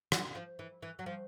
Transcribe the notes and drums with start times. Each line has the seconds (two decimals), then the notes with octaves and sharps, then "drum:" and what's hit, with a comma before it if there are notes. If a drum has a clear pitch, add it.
0.12 E3 F#3, drum: rim click
0.35 F3
0.59 E3
0.82 E3
0.99 F#3
1.06 F3